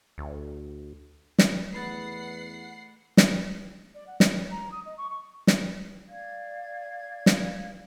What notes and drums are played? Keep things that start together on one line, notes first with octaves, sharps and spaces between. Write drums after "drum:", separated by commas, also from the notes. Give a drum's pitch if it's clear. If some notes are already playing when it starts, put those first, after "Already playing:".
D2
drum: snare
E2 A3 B4 F#5 B5 A6 C7
drum: snare
D5
F#5
D#5, drum: snare
C#5
A#5
D#6
D#5
C#6
C#6
drum: snare
D5 F5 G#6
drum: snare